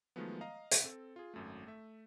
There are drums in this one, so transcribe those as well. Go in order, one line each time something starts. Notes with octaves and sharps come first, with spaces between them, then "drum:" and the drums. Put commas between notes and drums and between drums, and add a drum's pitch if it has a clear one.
D#3 F3 F#3 G#3 A3 B3
D#5 F5 A#5
drum: hi-hat
C4 A4
F4 G#4
G#1 F#2 A3
A3 E5